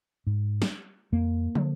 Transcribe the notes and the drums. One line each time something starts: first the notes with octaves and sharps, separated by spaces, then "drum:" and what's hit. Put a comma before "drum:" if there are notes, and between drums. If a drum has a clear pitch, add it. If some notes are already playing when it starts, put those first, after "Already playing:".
G#2
drum: snare
F2 A#3
D3, drum: tom